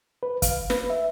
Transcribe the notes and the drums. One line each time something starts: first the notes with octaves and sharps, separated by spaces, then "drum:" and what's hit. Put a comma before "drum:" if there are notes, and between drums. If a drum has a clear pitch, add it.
B4
F5, drum: kick, hi-hat
B4, drum: snare
E5